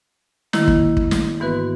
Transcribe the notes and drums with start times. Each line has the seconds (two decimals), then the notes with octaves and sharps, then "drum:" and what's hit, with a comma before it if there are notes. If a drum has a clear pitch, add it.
0.53 D#3 A#3 E4, drum: snare
0.68 drum: kick
0.97 drum: kick
1.11 drum: snare
1.40 G#2 E3 B3 F#4 B4